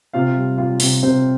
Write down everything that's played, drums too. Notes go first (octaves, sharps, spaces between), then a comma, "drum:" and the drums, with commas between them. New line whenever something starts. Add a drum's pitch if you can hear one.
C3 F4 F5
G3
G3 F4 F5
C3, drum: open hi-hat
C3 C4 C5